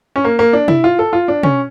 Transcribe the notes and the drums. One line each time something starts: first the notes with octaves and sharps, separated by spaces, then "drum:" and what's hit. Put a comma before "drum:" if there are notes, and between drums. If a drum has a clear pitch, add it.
C#4
A#3
A#3
D4
E4, drum: tom
F4
A4
F4
D4
C#4, drum: tom